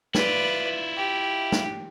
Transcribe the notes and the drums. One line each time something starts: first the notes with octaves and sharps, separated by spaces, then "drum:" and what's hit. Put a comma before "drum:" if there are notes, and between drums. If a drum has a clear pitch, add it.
E4 F4 B4 D5, drum: snare
G4
drum: snare